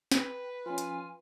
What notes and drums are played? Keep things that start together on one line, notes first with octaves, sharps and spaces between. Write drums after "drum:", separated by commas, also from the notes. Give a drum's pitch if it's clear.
B4 G5 B6, drum: snare
F3 C#4 F4 G#5
drum: hi-hat